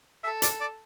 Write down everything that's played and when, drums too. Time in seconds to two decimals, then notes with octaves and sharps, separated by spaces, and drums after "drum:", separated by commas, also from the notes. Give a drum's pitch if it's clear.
0.24 A4 E5
0.42 D5, drum: hi-hat
0.61 D5